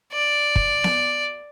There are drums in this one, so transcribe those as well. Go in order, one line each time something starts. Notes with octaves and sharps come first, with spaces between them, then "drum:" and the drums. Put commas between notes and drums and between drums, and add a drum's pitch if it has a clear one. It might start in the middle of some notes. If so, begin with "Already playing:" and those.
D5
drum: kick
drum: snare B3